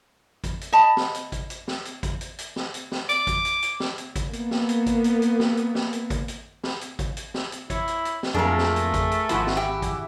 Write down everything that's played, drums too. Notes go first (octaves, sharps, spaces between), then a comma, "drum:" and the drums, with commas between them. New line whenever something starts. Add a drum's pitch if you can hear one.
drum: kick G#1, hi-hat
drum: hi-hat
D#5 A5 B5
drum: snare
drum: hi-hat
drum: kick G#1, hi-hat
drum: hi-hat
drum: snare
drum: hi-hat
drum: kick G#1, hi-hat
drum: hi-hat
drum: hi-hat
drum: snare
drum: hi-hat
drum: snare
D6, drum: hi-hat
drum: kick G#1, hi-hat
drum: hi-hat
drum: hi-hat
drum: snare
drum: hi-hat
drum: kick G#1, hi-hat
A#3 B3, drum: hi-hat
drum: snare
drum: hi-hat
drum: kick G#1, hi-hat
drum: hi-hat
drum: hi-hat
drum: snare
drum: hi-hat
drum: snare
drum: hi-hat
drum: kick G#1, hi-hat
drum: hi-hat
drum: snare
drum: hi-hat
drum: kick G#1, hi-hat
drum: hi-hat
drum: snare
drum: hi-hat
E4 C#5, drum: kick G#1, hi-hat
drum: hi-hat
drum: hi-hat
drum: snare
F2 A#2 F#3 A3 D4 G#4 A#4
drum: snare
drum: hi-hat
drum: kick G#1, hi-hat
drum: hi-hat
G#1 F3 E4 F#4 F#5 G#5 B5, drum: hi-hat
drum: snare
G4 E5
drum: kick G#1, hi-hat